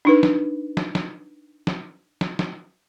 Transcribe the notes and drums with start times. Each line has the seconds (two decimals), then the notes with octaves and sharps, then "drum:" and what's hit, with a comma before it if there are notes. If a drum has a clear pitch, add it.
0.05 D4 D#4 B4
0.23 drum: snare
0.77 drum: snare
0.95 drum: snare
1.67 drum: snare
2.21 drum: snare
2.39 drum: snare